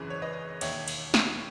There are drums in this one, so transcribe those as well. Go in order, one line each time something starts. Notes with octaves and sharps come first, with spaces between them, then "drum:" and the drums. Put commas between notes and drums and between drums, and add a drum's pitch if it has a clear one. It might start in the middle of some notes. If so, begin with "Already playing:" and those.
Already playing: G#1 F#2 C#3 E3 G#4 B4
C#5
B4 D#5
E1 D#2 D#3 C#5 E5, drum: cymbal
drum: cymbal
drum: snare